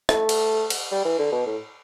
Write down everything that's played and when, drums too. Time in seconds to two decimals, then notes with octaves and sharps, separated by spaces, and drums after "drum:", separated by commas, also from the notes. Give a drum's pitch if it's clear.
0.09 A3, drum: rim click
0.29 drum: cymbal
0.70 drum: cymbal
0.92 G3
1.05 E3
1.19 D3
1.32 B2
1.46 A2